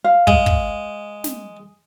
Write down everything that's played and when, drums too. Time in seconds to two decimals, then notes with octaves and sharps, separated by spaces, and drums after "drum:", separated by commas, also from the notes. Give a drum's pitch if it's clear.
0.04 F5
0.27 G#3, drum: kick
0.46 drum: kick
1.24 drum: snare